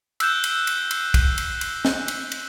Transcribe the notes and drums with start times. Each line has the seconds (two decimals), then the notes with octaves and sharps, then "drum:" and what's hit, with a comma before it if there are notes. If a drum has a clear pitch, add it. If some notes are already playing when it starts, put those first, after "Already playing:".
0.20 E6 F#6 G6 E7, drum: cymbal
0.44 drum: cymbal
0.67 drum: cymbal
0.91 drum: cymbal
1.14 drum: kick, cymbal
1.38 drum: cymbal
1.61 drum: cymbal
1.85 drum: snare
2.08 drum: cymbal
2.32 drum: cymbal